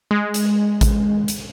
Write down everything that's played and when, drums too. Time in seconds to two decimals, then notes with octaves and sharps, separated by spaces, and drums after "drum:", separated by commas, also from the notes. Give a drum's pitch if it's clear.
0.11 G#3
0.34 drum: hi-hat
0.81 drum: kick A1, hi-hat
1.28 drum: hi-hat